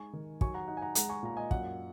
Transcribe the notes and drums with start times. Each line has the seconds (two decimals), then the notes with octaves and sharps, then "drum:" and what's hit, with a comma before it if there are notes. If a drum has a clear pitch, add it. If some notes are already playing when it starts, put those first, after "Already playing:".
Already playing: G#3 D#4 G#5 C#6
0.13 D#3
0.41 F#3 G#5 C#6, drum: kick
0.54 F#5 A#5
0.68 D#4 F#5
0.77 G#5
0.81 F#5 A#5
0.95 G#3 F#5 A#5, drum: hi-hat
1.09 G#5 C#6
1.23 A#2 A#5
1.37 D#5 G#5
1.51 F#2 F#5, drum: kick